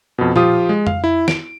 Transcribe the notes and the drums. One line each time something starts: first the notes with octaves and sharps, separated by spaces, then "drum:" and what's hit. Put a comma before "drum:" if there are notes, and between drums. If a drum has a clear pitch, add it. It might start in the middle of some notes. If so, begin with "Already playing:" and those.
F2 B2
F3 F4 G4 D#6, drum: tom A#2
G#3
F5, drum: tom F2
E4
D7, drum: snare